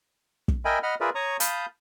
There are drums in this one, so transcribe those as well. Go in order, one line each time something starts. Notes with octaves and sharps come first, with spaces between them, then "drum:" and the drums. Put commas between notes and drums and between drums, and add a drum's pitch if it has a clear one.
drum: kick
A#4 D#5 E5 G5 G#5 B5
D#5 F#5 B5 F6
F4 G#4 A#4 B4 D5 E5
C#5 A#5 C#6 D#6
F5 A5 B5 D#6 G6, drum: hi-hat